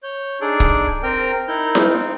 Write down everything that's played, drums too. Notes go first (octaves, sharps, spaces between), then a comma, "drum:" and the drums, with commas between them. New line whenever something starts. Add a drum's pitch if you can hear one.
C#5 G6
D4 D#4 G#4 A4 D5
drum: kick
C4 A#4 G5
D#4 E4 A#4 G6
drum: snare E4
C4 D#4